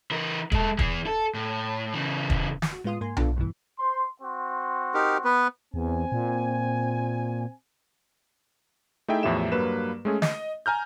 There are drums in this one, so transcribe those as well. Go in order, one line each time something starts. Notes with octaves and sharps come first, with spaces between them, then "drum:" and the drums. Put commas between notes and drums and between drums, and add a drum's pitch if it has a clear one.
E3 A#4
G#3 A4, drum: kick
E3 G#4, drum: kick
A4
A2
C#3 E3
drum: kick
drum: snare
F#4
A2 G#3 B3 F4 C6 D#6
G#2 A#3 G#5 C6
B3 D4 F4 A4, drum: tom B1
C#2 G2 B2 E3
C5 C6
C4 F#4 C6
D#4 G4 A#4
B3 B4
E2 C4 G#5
A#2
A3 D#4 E4 G#4 E5 G5
E2 A2 F3 G4 E5 E7
G2 F#3 A#3 B4 E7
G#3 A3 C#4 G#4
D#5, drum: snare
G#5 A#5 F6 G6